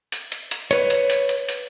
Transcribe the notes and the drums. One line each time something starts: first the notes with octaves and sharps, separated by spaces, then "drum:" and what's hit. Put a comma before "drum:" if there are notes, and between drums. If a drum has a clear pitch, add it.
drum: hi-hat
drum: hi-hat
drum: hi-hat
B4 C#5, drum: hi-hat
drum: hi-hat
drum: hi-hat
drum: hi-hat
drum: hi-hat